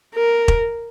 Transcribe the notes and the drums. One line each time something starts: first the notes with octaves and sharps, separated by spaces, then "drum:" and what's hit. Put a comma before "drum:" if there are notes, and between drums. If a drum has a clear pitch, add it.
A#4
drum: kick E1